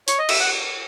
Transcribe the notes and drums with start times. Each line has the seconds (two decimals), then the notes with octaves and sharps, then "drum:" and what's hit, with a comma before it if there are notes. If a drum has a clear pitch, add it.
0.08 C#5, drum: hi-hat
0.19 D#5
0.29 E5, drum: cymbal
0.39 F#5